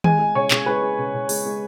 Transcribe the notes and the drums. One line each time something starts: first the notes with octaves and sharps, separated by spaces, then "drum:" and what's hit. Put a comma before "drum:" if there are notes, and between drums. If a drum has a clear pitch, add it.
G#3 G#5, drum: tom D#3
G#3
C#3 C#5
C#3, drum: clap
G#3 B4
G#3
C#3
C#3
G#3, drum: open hi-hat
G#3